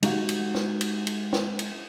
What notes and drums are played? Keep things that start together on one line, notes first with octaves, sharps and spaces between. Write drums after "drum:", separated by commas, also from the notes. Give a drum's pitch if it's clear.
G#3 D#4 F#4 G4 F5 F#5, drum: cymbal
drum: cymbal
drum: snare
drum: cymbal
drum: cymbal
drum: snare
drum: cymbal